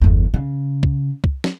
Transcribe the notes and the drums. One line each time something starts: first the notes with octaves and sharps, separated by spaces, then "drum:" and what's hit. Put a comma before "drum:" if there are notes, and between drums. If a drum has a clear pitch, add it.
G1 E2
C#3
drum: kick
drum: kick
drum: snare